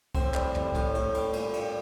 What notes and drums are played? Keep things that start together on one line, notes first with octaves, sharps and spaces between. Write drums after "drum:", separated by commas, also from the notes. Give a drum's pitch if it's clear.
A2 C4, drum: kick C2, cymbal
G3, drum: clap
G3, drum: tom
A2, drum: kick C2, cymbal
A2, drum: cymbal
G3, drum: cymbal
A#2, drum: cymbal
G3, drum: cymbal